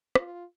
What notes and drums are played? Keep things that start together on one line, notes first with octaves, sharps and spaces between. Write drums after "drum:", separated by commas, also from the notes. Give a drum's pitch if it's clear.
F4, drum: rim click